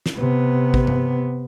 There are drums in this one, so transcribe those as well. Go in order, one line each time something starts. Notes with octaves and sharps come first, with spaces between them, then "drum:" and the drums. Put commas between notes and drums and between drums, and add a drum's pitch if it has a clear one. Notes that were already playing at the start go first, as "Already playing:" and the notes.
drum: snare
C3 B3
drum: kick A1
drum: tom G2